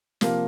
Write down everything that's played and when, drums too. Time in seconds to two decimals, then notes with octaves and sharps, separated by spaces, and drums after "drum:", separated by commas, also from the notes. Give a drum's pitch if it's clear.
0.21 C3 F3 A#3 G4, drum: snare